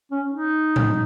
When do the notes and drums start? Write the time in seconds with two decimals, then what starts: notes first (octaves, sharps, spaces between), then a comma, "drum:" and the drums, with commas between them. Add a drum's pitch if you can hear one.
0.11 C#4
0.31 D#4
0.76 drum: tom A2